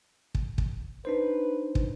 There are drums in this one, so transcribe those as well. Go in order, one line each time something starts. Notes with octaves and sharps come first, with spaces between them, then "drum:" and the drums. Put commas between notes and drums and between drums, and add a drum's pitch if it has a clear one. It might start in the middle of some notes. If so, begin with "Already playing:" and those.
drum: kick
drum: kick
D4 D#4 B4 C5
drum: kick